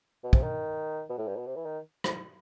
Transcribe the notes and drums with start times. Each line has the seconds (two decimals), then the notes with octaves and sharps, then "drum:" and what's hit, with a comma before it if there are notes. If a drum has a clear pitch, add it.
0.24 B2
0.33 C3, drum: kick
0.42 D#3
1.09 B2
1.18 A2
1.27 G2
1.36 B2
1.47 C3
1.56 E3
1.65 D#3
2.04 drum: rim click